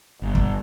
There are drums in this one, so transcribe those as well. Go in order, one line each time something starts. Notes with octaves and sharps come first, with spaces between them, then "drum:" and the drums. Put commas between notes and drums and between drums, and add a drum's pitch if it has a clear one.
G1
drum: kick